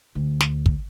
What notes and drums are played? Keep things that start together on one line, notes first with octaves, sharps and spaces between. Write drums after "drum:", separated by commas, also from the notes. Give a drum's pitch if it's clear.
D2
drum: snare
drum: kick